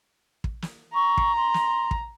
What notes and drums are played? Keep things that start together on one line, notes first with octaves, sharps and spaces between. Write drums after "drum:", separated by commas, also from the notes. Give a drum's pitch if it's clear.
drum: kick
drum: snare
A#5 C#6
drum: kick
C6
drum: snare
drum: kick